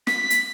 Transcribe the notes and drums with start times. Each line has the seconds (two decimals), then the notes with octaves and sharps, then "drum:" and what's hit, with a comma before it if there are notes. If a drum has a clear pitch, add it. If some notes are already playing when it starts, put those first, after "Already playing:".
0.07 B6, drum: snare
0.30 drum: hi-hat